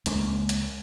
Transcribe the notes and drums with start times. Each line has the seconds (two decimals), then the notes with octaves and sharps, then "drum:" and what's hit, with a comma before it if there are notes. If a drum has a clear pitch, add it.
0.06 C#2 G#3 A#3 C#4, drum: hi-hat
0.49 drum: hi-hat